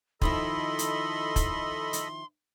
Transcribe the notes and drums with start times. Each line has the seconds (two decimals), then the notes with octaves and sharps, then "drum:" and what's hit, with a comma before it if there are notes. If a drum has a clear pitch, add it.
0.22 D#3 F3 E4 A4 D#5 B5 C6, drum: kick
0.79 drum: hi-hat
1.36 drum: kick, hi-hat
1.93 drum: hi-hat